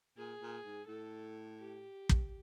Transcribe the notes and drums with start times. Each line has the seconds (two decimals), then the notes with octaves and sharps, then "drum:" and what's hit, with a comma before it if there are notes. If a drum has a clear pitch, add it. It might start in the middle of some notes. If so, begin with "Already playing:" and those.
0.17 A#2 G#4
0.41 A#2
0.65 G#2
0.88 A2 A4
1.59 G4
2.09 drum: kick